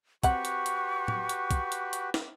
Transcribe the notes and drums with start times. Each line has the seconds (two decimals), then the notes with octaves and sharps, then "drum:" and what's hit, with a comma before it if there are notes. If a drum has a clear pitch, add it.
0.23 C4 F#4 G4 B4 F#5 C#6, drum: kick, hi-hat
0.45 drum: hi-hat
0.66 drum: hi-hat
1.08 drum: tom
1.29 drum: hi-hat
1.51 drum: kick, hi-hat
1.72 drum: hi-hat
1.93 drum: hi-hat
2.14 drum: snare